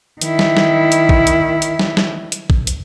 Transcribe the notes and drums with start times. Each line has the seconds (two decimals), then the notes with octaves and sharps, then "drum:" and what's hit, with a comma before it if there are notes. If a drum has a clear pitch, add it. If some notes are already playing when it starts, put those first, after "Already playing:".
0.21 D#3 E4, drum: hi-hat
0.39 drum: snare
0.57 drum: snare
0.92 drum: hi-hat
1.09 drum: kick
1.27 drum: hi-hat
1.62 drum: hi-hat
1.79 drum: snare
1.97 drum: snare
2.32 drum: hi-hat
2.50 drum: kick
2.67 drum: hi-hat